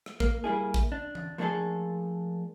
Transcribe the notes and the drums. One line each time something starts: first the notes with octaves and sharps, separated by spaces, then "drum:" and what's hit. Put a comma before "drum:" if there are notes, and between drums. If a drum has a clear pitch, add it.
drum: rim click
A#3, drum: kick
G3 A#3 E4 G#4
drum: kick
D4
drum: tom E3
F3 A3 A#3 D4 G#4 A4